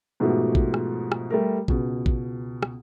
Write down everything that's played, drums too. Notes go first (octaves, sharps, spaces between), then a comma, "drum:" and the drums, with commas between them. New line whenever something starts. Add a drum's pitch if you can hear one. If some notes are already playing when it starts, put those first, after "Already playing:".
G#2 B2 F3 A3 F#4 G4
drum: kick A1
drum: rim click
drum: rim click
G3 A3 A#4
C#2 B2, drum: kick A1
drum: kick A1
drum: rim click